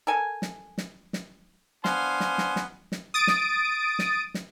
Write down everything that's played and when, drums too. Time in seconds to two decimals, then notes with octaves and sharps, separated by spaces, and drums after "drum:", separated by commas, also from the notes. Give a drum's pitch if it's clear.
0.07 A4 A#4 G#5
0.42 drum: snare
0.78 drum: snare
1.13 drum: snare
1.85 B3 D4 C5 F5 G#5, drum: snare
2.20 drum: snare
2.38 drum: snare
2.56 drum: snare
2.92 drum: snare
3.14 D#6 A6 D7
3.27 drum: snare
3.99 drum: snare
4.34 drum: snare